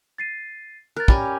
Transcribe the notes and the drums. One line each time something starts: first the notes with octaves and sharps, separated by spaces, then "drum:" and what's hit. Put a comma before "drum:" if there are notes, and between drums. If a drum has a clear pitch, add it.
A6 C7 D#7
A#4 F#6 A6
C#4 G4 D5 G#5 B5, drum: kick